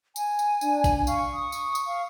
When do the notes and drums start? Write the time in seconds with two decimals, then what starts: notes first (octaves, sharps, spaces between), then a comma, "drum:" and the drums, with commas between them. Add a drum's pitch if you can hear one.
0.16 G#5, drum: tambourine
0.39 drum: tambourine
0.61 D4, drum: tambourine
0.84 drum: kick G#1, tambourine
1.07 F5 C#6, drum: tambourine
1.33 D#6
1.52 drum: tambourine
1.75 drum: tambourine
1.87 F5